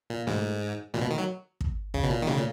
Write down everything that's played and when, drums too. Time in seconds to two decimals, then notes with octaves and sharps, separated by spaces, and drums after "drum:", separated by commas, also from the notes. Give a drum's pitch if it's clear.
0.10 A#2
0.27 G#2, drum: snare A3
0.94 A#2, drum: snare A3
1.02 B2
1.11 D#3
1.18 F#3
1.61 drum: kick
1.94 C#3, drum: kick
2.03 B2
2.10 A#2
2.22 D#3
2.27 C#3, drum: snare A3
2.37 A#2